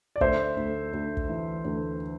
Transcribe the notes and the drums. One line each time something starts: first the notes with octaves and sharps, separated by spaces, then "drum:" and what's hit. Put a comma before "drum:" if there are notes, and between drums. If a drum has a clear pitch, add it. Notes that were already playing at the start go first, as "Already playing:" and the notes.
D5
D2 C5 E5, drum: kick
D2
D2
drum: kick
E3
D2